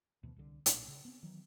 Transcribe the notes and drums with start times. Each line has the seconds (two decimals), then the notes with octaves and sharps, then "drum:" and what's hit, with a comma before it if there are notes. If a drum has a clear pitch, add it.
0.23 D2 B2 E3
0.36 C2 D3
0.66 B1 A#2 D4, drum: hi-hat
0.88 C#3
1.05 B3 C4
1.23 D#3 E3 F#3